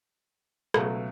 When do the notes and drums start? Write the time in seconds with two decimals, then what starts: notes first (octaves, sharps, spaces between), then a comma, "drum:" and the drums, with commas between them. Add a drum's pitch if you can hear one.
0.74 C#2 B2 F#3 A3, drum: rim click